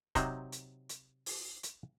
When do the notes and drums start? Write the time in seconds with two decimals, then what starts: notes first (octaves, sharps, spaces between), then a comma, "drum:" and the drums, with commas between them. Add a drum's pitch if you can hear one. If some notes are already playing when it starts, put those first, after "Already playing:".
0.15 C3 F#3 D#4 C5, drum: kick, hi-hat
0.52 drum: hi-hat
0.89 drum: hi-hat
1.26 drum: open hi-hat
1.63 drum: hi-hat